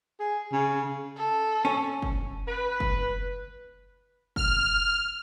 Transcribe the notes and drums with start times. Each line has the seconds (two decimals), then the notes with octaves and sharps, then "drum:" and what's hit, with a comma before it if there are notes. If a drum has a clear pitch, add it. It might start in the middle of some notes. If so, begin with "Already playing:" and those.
0.20 G#4
0.52 C#3
1.17 A4
1.65 C#4
2.02 drum: kick
2.48 B4
2.80 drum: kick
4.36 F6, drum: kick